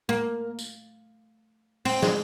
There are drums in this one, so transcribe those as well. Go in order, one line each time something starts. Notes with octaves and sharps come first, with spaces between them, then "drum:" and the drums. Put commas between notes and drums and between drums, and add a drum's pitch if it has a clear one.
A#3
drum: tambourine
C4, drum: open hi-hat
G#3, drum: snare